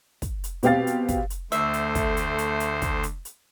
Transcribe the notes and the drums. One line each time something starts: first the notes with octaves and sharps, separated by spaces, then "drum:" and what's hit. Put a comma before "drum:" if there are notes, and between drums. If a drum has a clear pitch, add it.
drum: kick, hi-hat
drum: hi-hat
B2 C4 G4 F5 A6, drum: hi-hat
drum: hi-hat
drum: kick, hi-hat
drum: hi-hat
D2 A3 C5 E5, drum: hi-hat
drum: hi-hat
drum: kick, hi-hat
drum: hi-hat
drum: hi-hat
drum: hi-hat
drum: kick, hi-hat
drum: hi-hat
drum: hi-hat